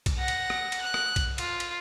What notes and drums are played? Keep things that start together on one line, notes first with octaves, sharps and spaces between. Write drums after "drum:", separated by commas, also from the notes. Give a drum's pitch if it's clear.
drum: kick, cymbal
F#5 A#6
drum: cymbal
drum: rim click
drum: cymbal
F#6
drum: rim click
drum: kick, cymbal
F4, drum: cymbal
drum: cymbal